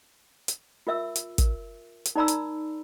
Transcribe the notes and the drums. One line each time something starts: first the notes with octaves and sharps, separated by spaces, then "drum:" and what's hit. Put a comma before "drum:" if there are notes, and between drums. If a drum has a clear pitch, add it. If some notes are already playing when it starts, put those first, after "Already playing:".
drum: hi-hat
F4 A#4 E5 E6
drum: hi-hat
A#4, drum: kick, hi-hat
drum: hi-hat
D#4 A#4 D5 A#5 B5 E6
drum: hi-hat